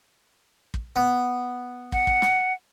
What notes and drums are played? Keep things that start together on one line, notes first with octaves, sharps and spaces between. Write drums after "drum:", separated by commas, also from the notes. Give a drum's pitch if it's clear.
drum: kick
B3
F#5, drum: kick
drum: kick
drum: snare